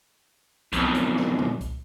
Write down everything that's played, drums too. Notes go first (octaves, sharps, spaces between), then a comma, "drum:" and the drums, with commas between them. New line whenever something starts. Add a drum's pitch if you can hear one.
B1 F2, drum: kick C2, hi-hat
drum: hi-hat
drum: snare
drum: tom A#2
drum: kick C2, hi-hat